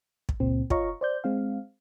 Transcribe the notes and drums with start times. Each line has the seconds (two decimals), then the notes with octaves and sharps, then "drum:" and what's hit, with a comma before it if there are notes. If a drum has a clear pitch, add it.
0.29 drum: kick
0.40 C#2 A#2 C4
0.70 F4 C#5 D#5 F5 A#5 C#6, drum: kick
1.01 C5 D5 G6
1.24 G#3 C4 F5